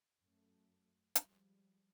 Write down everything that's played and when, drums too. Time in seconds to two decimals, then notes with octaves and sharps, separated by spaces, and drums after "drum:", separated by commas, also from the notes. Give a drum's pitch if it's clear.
0.21 F#2 A3
1.15 F3 G3 G#3, drum: hi-hat